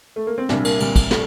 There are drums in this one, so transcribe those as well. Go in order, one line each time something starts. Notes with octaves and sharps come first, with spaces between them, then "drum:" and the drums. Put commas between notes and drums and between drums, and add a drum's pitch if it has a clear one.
A3
A#3
C4
C2 A#2 G3 D4, drum: snare
A#3, drum: cymbal
C2 A#2 G3, drum: cymbal
drum: kick, cymbal
A3, drum: snare